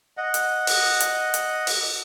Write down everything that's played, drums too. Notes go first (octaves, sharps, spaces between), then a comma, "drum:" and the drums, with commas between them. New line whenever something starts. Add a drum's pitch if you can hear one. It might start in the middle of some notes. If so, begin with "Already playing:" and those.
D#5 F#5
drum: hi-hat
drum: open hi-hat
drum: hi-hat
drum: hi-hat
drum: open hi-hat